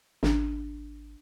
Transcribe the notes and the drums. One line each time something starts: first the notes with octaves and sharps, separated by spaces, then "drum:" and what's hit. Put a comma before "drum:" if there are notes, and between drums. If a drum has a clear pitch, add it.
G#1 D4, drum: snare